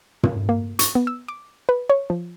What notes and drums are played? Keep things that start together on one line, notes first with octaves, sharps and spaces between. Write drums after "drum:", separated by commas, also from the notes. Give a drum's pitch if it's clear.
drum: tom
A#3
C#6, drum: hi-hat
B3
E6
D6
B4
C#5
F3